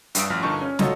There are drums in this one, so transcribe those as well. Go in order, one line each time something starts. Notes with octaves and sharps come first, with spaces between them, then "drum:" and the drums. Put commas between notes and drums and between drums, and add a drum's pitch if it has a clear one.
G2 G3 D4 E5 D#6 D7, drum: hi-hat
A1 F3 F6
G2 A#2 D3 D#4 A5 C#6
C#4
D#4 F4 F#4 A4 C#5 D#5, drum: snare